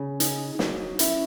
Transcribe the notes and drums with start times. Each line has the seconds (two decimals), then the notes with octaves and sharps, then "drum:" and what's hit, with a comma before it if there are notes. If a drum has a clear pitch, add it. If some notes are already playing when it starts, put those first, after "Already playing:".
Already playing: C#3
0.20 D#4 G#4, drum: hi-hat
0.59 F#3 D#4, drum: snare
0.99 C#4 E4, drum: hi-hat